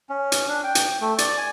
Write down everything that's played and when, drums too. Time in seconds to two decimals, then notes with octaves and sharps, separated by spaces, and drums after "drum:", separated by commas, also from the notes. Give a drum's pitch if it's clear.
0.09 C#4
0.32 drum: hi-hat
0.48 D4
0.64 G5
0.75 drum: hi-hat
1.01 A3
1.18 D5, drum: hi-hat
1.38 G#5